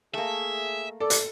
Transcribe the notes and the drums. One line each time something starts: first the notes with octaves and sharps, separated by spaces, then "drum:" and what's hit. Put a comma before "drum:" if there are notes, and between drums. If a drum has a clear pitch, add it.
A3 A#3 G#4 E5
A4 D5
drum: hi-hat